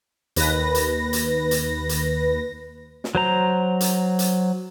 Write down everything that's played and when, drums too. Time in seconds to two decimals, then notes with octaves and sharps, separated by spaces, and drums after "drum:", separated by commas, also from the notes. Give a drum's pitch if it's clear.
0.36 D#2 B4 A#6, drum: hi-hat
0.75 drum: hi-hat
1.13 drum: hi-hat
1.51 drum: hi-hat
1.89 drum: hi-hat
3.04 drum: snare
3.15 F#3 C5 A#5
3.80 drum: hi-hat
4.19 drum: hi-hat